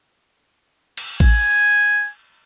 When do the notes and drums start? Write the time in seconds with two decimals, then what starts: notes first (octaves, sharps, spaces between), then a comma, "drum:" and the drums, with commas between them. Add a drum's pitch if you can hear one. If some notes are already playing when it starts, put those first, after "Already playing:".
0.97 drum: cymbal
1.20 G#5, drum: kick A1